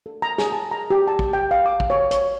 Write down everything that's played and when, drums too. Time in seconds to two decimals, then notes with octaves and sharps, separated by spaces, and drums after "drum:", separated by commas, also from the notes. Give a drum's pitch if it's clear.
0.06 A4
0.22 A#5
0.38 G#4, drum: snare
0.52 A5
0.71 A#5
0.90 G4
1.07 A5
1.19 drum: kick
1.33 G5
1.51 F5
1.66 D6
1.80 drum: kick
1.90 C#5
2.11 C#5, drum: hi-hat